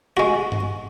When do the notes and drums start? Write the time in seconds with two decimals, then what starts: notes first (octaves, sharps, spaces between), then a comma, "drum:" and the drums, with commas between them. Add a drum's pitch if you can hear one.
0.17 G#3 F#4 F#5 C#6
0.52 drum: tom G2